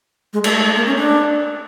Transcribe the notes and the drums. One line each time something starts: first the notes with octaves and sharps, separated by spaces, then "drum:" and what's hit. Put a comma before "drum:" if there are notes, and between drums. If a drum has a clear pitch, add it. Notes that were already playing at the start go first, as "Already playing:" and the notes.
G#3
A3, drum: cymbal
A3
A3
A#3
C#4
D4